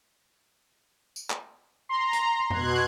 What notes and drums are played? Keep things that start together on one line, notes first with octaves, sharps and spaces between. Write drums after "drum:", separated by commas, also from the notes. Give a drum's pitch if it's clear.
drum: tambourine
drum: clap
A#5 C6
drum: hi-hat
B2 F#6 G#6, drum: tom F2